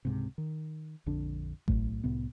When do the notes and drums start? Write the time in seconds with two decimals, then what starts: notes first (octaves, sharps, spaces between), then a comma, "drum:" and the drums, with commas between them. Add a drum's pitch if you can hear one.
0.05 C#2 G#2 C3
0.38 D#3
1.06 A#1 F2 D3 D4
1.68 B1 A2 A3, drum: kick G#1
2.04 C2 A2 C3 B3